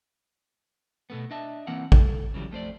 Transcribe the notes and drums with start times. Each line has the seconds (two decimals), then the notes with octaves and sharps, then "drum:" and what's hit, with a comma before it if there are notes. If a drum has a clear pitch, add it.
1.10 B2 A3 B3
1.31 D4 D#5 E5 A5
1.67 E3 A#3 C4 F#5
1.92 A4, drum: kick A1
2.34 C#3 E3 F#3 G3
2.51 F2 A3 C5 D5